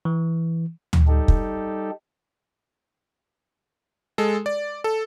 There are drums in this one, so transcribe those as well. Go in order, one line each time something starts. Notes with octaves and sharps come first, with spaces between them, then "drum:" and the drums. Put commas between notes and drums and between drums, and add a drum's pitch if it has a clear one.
E3
drum: tom D2
G3 D#4 G4 A4
drum: kick
G#3 A4
D5
A4